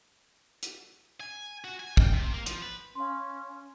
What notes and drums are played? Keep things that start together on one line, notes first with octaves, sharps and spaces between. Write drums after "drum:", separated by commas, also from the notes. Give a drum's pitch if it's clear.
drum: hi-hat
G#5
F#4
G#5
G5, drum: kick
C3
A#3
F3, drum: hi-hat
B4
C#4 F5 C6